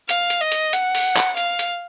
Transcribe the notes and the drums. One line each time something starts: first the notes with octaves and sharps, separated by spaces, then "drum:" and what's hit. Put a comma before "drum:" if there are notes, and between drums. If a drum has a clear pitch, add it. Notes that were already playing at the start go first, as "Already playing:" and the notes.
F5, drum: hi-hat
drum: hi-hat
D#5
drum: hi-hat
F#5, drum: hi-hat
drum: open hi-hat
drum: clap
F5, drum: hi-hat
drum: hi-hat